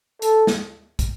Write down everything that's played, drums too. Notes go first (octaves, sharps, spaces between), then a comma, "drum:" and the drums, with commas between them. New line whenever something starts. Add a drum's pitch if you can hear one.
A4, drum: hi-hat
drum: snare
drum: kick, hi-hat